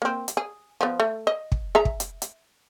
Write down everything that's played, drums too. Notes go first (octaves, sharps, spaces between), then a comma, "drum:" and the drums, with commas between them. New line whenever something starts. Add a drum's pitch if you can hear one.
A#3 C4
drum: hi-hat
G#4
F3 B3
A3
D#5
drum: kick
G#4 E5 A#5
drum: kick
drum: hi-hat
drum: hi-hat